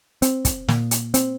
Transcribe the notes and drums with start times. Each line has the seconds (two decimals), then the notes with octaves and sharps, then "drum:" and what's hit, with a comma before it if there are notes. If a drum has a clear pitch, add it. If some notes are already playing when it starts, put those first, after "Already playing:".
0.22 C4, drum: hi-hat
0.45 drum: kick, hi-hat
0.68 A#2, drum: snare
0.91 drum: hi-hat
1.14 C4, drum: hi-hat